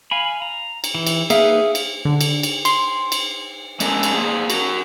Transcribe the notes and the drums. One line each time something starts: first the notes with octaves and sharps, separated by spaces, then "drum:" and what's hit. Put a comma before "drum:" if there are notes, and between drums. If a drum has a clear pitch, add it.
F5 G#5 B5
A#5
drum: cymbal
E3
drum: cymbal
A#3 D#4 G#4 B4 E5 F5, drum: cymbal
drum: cymbal
D3
drum: cymbal
drum: cymbal
C6, drum: cymbal
drum: cymbal
G#3 C#4 D4 A4 A#4, drum: cymbal
drum: cymbal
A#3 C4 G#4
F#4 A#4, drum: cymbal